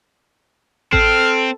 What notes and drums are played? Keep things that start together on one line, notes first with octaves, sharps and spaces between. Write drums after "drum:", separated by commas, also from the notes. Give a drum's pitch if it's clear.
C4 A4 F6, drum: kick A1